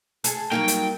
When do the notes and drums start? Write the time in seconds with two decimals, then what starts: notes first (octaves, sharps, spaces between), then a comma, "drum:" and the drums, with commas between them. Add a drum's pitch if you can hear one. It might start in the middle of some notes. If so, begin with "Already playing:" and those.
0.24 G#4 A4, drum: hi-hat
0.52 F#3 G3 A#3 D#4 G5
0.68 drum: hi-hat